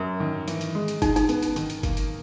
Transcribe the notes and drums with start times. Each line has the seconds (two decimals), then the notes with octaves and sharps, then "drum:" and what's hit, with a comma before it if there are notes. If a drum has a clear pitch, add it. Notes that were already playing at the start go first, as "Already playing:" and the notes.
Already playing: F#2 A#4
0.20 D#3
0.48 E3, drum: hi-hat
0.61 drum: hi-hat
0.75 G#3
0.88 drum: hi-hat
1.02 D#4 G#4, drum: kick F#1, hi-hat
1.16 D#4, drum: hi-hat
1.29 B3, drum: hi-hat
1.43 drum: hi-hat
1.56 D#3, drum: hi-hat
1.70 drum: hi-hat
1.83 A#3, drum: kick F#1, hi-hat
1.97 drum: hi-hat